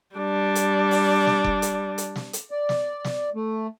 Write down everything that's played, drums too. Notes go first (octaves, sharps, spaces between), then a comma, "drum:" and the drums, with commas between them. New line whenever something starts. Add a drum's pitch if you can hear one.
G3 D4
drum: hi-hat
drum: open hi-hat
drum: snare
drum: kick F1
drum: hi-hat
drum: hi-hat
drum: snare
drum: hi-hat
D5
drum: snare
drum: snare
A3